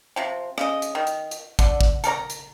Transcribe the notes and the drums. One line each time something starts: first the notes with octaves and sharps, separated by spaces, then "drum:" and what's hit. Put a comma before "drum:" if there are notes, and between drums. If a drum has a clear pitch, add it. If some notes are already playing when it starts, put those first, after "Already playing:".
C3 F3 C4
C#3 D#5, drum: rim click
drum: hi-hat
D#3
drum: hi-hat
drum: hi-hat
D3, drum: kick, hi-hat
drum: kick
A4 A#4 D5 A#5, drum: hi-hat
drum: hi-hat